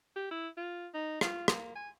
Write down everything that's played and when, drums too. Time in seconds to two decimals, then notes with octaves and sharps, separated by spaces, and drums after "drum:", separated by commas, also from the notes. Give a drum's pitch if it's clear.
0.16 G4
0.31 E4
0.57 F4
0.94 D#4
1.21 F4, drum: rim click
1.48 A#3, drum: rim click
1.75 G#5